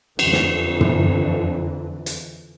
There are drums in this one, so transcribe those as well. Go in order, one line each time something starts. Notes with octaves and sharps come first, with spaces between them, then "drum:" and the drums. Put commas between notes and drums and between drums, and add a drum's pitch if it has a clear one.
F2 D3 E3, drum: cymbal
drum: snare
drum: tom
drum: hi-hat